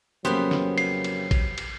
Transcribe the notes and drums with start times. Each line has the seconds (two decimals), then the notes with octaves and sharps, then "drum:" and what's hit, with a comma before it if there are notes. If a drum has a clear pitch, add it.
0.25 F2 C#3 F#3 A#3 B3 G4 C5
0.51 drum: snare
0.78 C7, drum: cymbal
1.04 drum: cymbal
1.31 drum: kick, cymbal
1.58 drum: cymbal